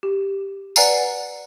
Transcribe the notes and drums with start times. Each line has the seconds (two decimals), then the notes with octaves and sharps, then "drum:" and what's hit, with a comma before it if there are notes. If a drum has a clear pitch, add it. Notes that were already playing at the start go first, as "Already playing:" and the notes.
0.03 G4
0.76 B4 D5 F#5 G#5 A#5 C7, drum: tambourine